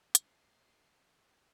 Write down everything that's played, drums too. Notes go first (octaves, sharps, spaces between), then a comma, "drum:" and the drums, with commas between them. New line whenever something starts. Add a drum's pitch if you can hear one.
E5 C7, drum: hi-hat